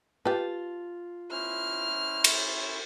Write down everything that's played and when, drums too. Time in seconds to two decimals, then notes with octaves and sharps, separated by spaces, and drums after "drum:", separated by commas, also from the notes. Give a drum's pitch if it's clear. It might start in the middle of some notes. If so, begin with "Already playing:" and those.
0.25 F4 G4 B4 A5
1.31 C#4 E4 C5 F6
2.24 drum: cymbal